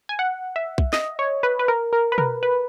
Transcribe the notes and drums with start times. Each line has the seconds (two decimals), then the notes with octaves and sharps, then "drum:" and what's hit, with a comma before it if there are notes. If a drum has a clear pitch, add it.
0.09 G#5
0.19 F#5
0.56 E5
0.78 drum: kick B1
0.93 D#5, drum: snare
1.19 C#5
1.43 B4
1.59 B4
1.68 A#4
1.93 A#4
2.12 B4
2.18 A#4, drum: tom B2
2.43 B4